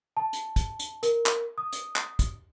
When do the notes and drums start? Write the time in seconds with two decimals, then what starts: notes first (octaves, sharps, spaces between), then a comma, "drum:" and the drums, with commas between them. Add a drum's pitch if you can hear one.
0.17 A5
0.33 drum: hi-hat
0.56 drum: kick, hi-hat
0.79 drum: hi-hat
1.03 A#4, drum: hi-hat
1.26 drum: clap
1.58 D#6
1.73 drum: hi-hat
1.96 drum: clap
2.19 drum: kick, hi-hat